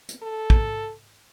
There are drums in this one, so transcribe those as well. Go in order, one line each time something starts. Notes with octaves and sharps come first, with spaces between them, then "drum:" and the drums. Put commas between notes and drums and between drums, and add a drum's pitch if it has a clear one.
drum: hi-hat
A4
drum: kick